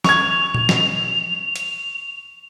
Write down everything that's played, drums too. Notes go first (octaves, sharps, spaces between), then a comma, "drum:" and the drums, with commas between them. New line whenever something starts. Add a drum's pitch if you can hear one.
C#6 G#6 F7, drum: snare
drum: tom A#2
drum: snare
drum: hi-hat